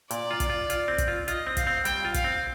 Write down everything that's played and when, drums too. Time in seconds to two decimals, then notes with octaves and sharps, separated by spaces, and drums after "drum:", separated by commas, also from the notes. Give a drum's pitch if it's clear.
0.11 A#2 D5, drum: hi-hat
0.31 F4
0.40 drum: kick, hi-hat
0.49 F4
0.70 F4, drum: hi-hat
0.88 C4
0.98 drum: kick, hi-hat
1.08 F4
1.28 F4 D#5, drum: hi-hat
1.47 C4
1.57 F5, drum: kick, hi-hat
1.67 C4
1.85 G3 G5, drum: hi-hat
2.05 F4
2.14 F5, drum: kick, hi-hat
2.24 C4